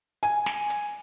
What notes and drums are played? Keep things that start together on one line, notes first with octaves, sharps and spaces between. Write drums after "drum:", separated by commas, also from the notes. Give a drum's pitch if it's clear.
G#5, drum: hi-hat
drum: snare
drum: hi-hat